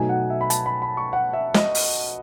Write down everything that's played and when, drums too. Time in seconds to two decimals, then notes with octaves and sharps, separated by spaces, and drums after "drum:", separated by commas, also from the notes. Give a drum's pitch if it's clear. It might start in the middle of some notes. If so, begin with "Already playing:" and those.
Already playing: B2 F#3 A3 D#4 G#5
0.09 F#5
0.30 E5
0.41 B5
0.50 A5, drum: hi-hat
0.66 B5
0.82 B5
0.97 C#6
1.13 F#5
1.33 E5
1.54 D#5, drum: snare
1.75 drum: open hi-hat